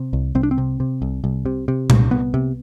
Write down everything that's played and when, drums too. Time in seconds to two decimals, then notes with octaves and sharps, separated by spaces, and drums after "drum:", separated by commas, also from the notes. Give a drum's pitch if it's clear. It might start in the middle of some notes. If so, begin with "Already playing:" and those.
Already playing: C3
0.13 C2
0.35 C2 C4
0.43 D4
0.51 C4
0.58 C3
0.80 C3
1.02 C2
1.24 C2
1.46 C3
1.68 C3
1.90 C2, drum: tom A#2
2.11 C2 B3
2.34 C3